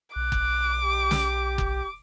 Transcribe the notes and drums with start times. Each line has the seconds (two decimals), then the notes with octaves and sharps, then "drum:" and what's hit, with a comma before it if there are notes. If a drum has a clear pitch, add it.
0.16 B1 D6 F#6
0.32 drum: kick F#1
0.83 G4
1.11 drum: snare
1.58 drum: kick F#1